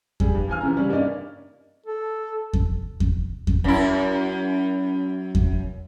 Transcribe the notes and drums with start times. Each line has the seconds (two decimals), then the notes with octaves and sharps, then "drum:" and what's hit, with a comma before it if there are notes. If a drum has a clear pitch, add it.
0.20 G3 G#4, drum: kick E2
0.34 G2
0.48 E2 F3 G#5 F6
0.61 C3 E3 C#4 A#5
0.76 C#3 G3 C#4 D4
0.89 G2 A#3 C#4 D#4 D5 D#5
1.86 A4
2.53 drum: kick E2
3.00 drum: kick E2
3.47 drum: kick E2
3.64 F#2 E4
5.35 drum: kick E2